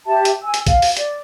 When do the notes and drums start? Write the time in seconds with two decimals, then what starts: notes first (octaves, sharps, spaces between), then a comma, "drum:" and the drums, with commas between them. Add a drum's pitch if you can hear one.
0.07 G4 E5 A5
0.25 drum: hi-hat
0.44 G#5 E6
0.54 drum: hi-hat
0.67 F5, drum: kick, hi-hat
0.82 drum: open hi-hat
0.97 D5, drum: hi-hat